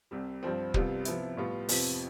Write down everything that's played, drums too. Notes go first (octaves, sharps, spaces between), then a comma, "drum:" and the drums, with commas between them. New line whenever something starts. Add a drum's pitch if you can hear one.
C2 C3 G3
G2 F3 C4
C2 C3 G3 B3 F4, drum: kick
C3 F3 B3 E4, drum: hi-hat
A2 G3 B3 F4
F2 C3 F3 B3, drum: open hi-hat